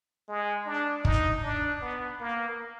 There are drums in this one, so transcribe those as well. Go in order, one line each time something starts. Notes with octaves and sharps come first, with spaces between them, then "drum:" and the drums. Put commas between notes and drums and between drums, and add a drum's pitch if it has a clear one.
G#3
D4
D#4, drum: kick
D4
B3
A#3